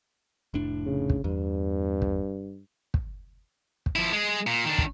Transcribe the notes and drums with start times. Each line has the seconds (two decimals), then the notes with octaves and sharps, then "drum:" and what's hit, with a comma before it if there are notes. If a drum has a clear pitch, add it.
0.54 F1 A2 D4
0.87 C#3
1.10 drum: kick
1.24 E2 G2
2.02 drum: kick
2.94 drum: kick
3.86 drum: kick
3.96 F3 E4
4.12 G#3 G#4
4.47 A#2
4.65 D#3 D4
4.78 drum: kick